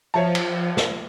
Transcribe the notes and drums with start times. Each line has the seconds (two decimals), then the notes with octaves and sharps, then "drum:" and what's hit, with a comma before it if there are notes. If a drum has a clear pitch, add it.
0.14 F3 C#5 E5 A5
0.35 drum: cymbal
0.77 drum: snare